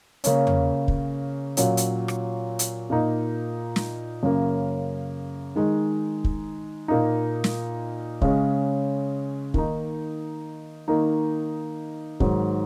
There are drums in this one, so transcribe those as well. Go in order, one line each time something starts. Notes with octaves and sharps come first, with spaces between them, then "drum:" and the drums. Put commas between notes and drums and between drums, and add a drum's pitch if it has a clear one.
C#3 A#3 C#4, drum: hi-hat
drum: tom E2
drum: kick
A#2 F#3 C#4, drum: hi-hat
drum: hi-hat
drum: rim click
drum: hi-hat
A#2 A#3 D#4
drum: snare
F#2 C#3 A#3
D#3 G#3 D#4
drum: kick
A#2 A#3 D#4
drum: snare
C#3 G#3 C#4, drum: kick
D#3 A#3 D#4, drum: kick
D#3 A#3 D#4
G#2 D#3 F#3, drum: kick